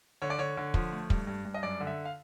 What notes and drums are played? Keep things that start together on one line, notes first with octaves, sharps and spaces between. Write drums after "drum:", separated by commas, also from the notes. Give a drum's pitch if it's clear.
D3 C#5
D5
D3 C#5
D3
F3, drum: kick
A3
G2, drum: kick
G2
G2
D#5
F#2 D5
D3
E5
F5